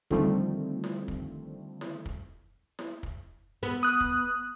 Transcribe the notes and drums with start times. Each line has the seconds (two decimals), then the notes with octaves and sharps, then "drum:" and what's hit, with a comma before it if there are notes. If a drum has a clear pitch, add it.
0.11 D3 D#3 F3 G3 A3 C4, drum: kick
0.84 drum: snare E4
1.08 drum: kick
1.81 drum: snare E4
2.06 drum: kick
2.79 drum: snare E4
3.03 drum: kick
3.63 B3
3.83 D#6 F#6
4.01 drum: kick